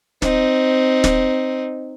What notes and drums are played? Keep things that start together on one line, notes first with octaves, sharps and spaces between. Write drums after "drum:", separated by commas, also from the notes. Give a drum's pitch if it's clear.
C4 D#4, drum: snare
drum: snare